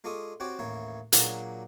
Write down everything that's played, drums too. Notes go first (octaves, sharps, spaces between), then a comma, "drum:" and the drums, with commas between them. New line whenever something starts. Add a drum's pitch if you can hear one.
G#3 F4 A4 D5 C#6 D#6
C4 F#4 G4 C#5 D5 G5
A1 D#2 E3 A#3 C#5
A#2 F#3 A#3 D4 F#4 G#4, drum: hi-hat